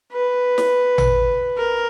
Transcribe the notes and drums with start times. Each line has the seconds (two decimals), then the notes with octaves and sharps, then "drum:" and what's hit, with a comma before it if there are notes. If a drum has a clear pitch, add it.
0.12 B4
0.58 drum: snare
0.98 drum: tom A1
1.58 A#4